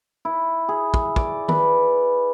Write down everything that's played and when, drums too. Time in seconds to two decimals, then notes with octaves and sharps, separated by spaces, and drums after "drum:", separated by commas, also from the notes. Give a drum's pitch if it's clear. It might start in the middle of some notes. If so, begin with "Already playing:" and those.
0.25 E4
0.69 G#4
0.94 drum: kick
1.16 D5, drum: kick
1.48 B4, drum: tom D#3